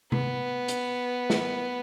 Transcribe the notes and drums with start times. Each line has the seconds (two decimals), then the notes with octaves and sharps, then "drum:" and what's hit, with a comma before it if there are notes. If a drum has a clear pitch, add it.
0.12 B3, drum: tom C3
0.68 drum: hi-hat
1.30 drum: snare